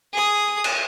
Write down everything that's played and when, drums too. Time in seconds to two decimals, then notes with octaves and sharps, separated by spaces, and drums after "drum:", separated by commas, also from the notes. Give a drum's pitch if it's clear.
0.14 G#4 D#6
0.64 drum: cymbal